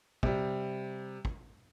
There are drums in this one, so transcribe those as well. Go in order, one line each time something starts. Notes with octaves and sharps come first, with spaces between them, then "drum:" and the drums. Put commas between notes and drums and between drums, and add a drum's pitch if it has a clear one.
C3 G3, drum: kick
drum: kick